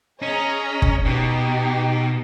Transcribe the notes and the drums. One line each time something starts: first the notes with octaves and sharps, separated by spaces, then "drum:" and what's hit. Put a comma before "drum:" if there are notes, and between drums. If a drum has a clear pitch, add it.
C#4 G#4 D#5 A#5
drum: kick
B2 D#4 G4